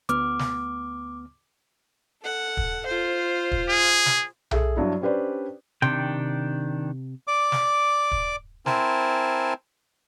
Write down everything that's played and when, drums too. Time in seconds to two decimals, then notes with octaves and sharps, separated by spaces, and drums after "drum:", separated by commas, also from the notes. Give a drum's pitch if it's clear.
0.09 D2 B3 D6 F6, drum: hi-hat
0.39 drum: snare
2.22 A4 F#5
2.57 drum: kick
2.86 F4 C5
3.52 drum: kick
3.68 G#4
4.06 drum: snare
4.51 G#4 A4 E5, drum: tom B1
4.76 G2 F#3 D4 E4
5.01 C#4 D4 G4 B4 C5 D5
5.82 C3 D#3 D4 G5, drum: tom C3
7.27 D5 D6
7.52 drum: snare
8.12 drum: kick
8.66 C4 E4 A#4 C5 G#5 A5, drum: snare